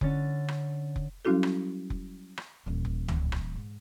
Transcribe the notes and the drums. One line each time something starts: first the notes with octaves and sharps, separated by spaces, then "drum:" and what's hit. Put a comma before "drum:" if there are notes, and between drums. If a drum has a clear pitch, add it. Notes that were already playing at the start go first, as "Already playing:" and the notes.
D3 C#4 A6, drum: kick F1
drum: rim click
drum: kick F1
F#3 G3 C#4 E4 F#4 A4
drum: rim click
drum: kick F1
drum: rim click
D#1 E3
drum: kick F1
drum: tom C#2
drum: rim click
G#2